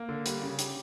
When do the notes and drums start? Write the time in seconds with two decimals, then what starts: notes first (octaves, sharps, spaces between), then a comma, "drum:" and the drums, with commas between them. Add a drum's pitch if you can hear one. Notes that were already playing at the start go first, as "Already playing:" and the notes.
Already playing: A#3
0.09 D3
0.26 G3, drum: hi-hat
0.42 C#3
0.59 G4, drum: hi-hat